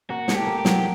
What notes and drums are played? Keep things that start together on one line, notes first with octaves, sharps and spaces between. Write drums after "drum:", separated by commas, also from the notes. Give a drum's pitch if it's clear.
A#3 F#4
A3, drum: snare
G4
A#3
G4
F#3, drum: snare